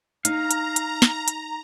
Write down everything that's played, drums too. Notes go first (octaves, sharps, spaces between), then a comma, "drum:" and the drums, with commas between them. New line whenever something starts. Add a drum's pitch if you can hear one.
D#4 F5 A#5, drum: hi-hat
drum: hi-hat
drum: hi-hat
drum: snare
drum: hi-hat